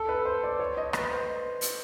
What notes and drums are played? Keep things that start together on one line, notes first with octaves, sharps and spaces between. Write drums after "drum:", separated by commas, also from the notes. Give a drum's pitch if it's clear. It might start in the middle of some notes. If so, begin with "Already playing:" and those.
Already playing: A4
B4
C5
D5
C#5
D#5
B4, drum: rim click
C5
drum: hi-hat